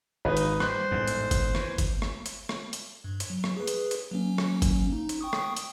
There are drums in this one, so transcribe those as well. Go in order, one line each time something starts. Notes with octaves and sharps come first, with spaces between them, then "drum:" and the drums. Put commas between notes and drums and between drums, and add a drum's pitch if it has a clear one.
G#1 D#4 B4
drum: hi-hat
G3 C5 F#6, drum: rim click
A1 E2 G#2
drum: hi-hat
drum: kick G1, hi-hat
E3, drum: rim click
drum: kick G1, hi-hat
drum: rim click
drum: hi-hat
drum: rim click
drum: hi-hat
G2
drum: hi-hat
F#3
drum: rim click
G#4 B4
drum: hi-hat
drum: hi-hat
F#3 A#3 C#4
drum: rim click
drum: kick G1, hi-hat
D#4
drum: hi-hat
G5 C#6 D#6
drum: rim click
drum: hi-hat